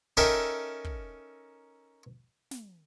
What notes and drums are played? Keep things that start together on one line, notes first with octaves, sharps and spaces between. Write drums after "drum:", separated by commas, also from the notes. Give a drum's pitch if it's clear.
C#4 D#4 A4 A#4 E5 G5, drum: kick
drum: kick
drum: snare